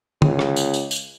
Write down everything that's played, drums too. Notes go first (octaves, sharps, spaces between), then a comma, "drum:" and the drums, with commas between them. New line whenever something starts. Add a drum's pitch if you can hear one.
C#2, drum: tom D3
drum: rim click
drum: tambourine
drum: tambourine
drum: tambourine